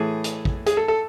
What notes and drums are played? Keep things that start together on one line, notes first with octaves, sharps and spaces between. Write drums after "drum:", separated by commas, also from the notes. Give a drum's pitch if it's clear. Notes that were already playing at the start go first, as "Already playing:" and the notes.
Already playing: A2 E3 A3 G#4
drum: hi-hat
drum: kick
G#4, drum: hi-hat
A4
A4